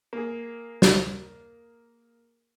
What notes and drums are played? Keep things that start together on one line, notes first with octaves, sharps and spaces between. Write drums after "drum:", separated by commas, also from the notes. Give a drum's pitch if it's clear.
A#3 G#4
drum: snare